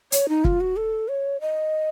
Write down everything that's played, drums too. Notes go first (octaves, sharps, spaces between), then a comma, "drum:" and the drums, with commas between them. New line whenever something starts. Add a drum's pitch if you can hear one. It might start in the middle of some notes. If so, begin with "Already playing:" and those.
C#5, drum: hi-hat
D#4
F4, drum: kick
F#4
A4
C#5
D#5